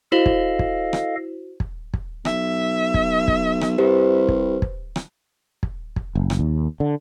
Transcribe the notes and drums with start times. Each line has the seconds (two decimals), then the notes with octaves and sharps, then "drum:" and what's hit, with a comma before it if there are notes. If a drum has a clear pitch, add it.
0.12 E4 F#4 A4 C5 D#5 F5 F#7
0.26 drum: kick
0.59 drum: kick
0.93 drum: rim click
1.60 drum: kick
1.94 drum: kick
2.25 B1 E5, drum: rim click
2.94 drum: kick
3.28 drum: kick
3.61 drum: rim click
3.78 C2 G4 B4 C5
4.28 drum: kick
4.62 drum: kick
4.96 drum: rim click
5.63 drum: kick
5.96 drum: kick
6.15 F#1
6.30 drum: rim click
6.39 D#2
6.80 D3